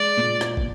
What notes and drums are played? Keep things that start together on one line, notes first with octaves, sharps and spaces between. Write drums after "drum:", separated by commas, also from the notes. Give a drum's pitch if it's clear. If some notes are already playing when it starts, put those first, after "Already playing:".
Already playing: G#3 D5
A#2
drum: rim click
drum: kick